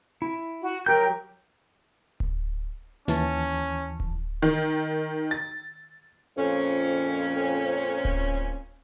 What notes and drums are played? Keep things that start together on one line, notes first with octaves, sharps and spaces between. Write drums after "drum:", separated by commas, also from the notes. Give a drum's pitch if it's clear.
E4
F#4
F#3 G4 A#4 G5 G6
drum: kick D1
D#2 E3 C#4 A5, drum: snare
drum: kick D1
D#3
A6
F2 A#2 C4 C#4
drum: kick D1